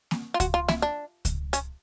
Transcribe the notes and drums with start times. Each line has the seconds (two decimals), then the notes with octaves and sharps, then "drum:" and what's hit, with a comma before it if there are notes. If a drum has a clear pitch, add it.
0.11 drum: snare A#3
0.34 F4
0.40 F#4, drum: kick C#2, hi-hat
0.54 F4
0.68 E4, drum: snare A#3
0.82 D4
1.25 drum: kick C#2, hi-hat
1.53 C#4, drum: hi-hat